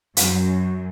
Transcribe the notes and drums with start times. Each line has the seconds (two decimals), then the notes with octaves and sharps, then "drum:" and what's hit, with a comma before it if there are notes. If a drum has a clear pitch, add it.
0.17 F#2, drum: hi-hat